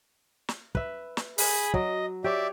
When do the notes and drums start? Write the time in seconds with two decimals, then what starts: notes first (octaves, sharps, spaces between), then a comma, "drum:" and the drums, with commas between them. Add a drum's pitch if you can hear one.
0.49 drum: snare
0.75 B4 E5, drum: kick
1.17 drum: snare
1.38 G#4 B5, drum: open hi-hat
1.74 F#3 D#5, drum: kick
2.24 G4 C#5 D5 E5